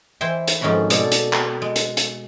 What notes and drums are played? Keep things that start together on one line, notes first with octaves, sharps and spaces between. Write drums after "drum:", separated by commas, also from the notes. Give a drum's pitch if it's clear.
E3 E4 C5 G5
drum: hi-hat
F2 G#2 D#3 C#4 F#4 B5
B2 G#3 A4 D5, drum: hi-hat
drum: hi-hat
drum: clap
G#3
drum: hi-hat
drum: hi-hat